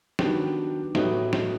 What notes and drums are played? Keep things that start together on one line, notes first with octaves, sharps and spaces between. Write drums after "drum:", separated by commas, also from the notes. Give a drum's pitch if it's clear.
D#3 F#3 B3 D4 G4, drum: snare
A2 F#3 B3 D#4 G4, drum: snare
drum: snare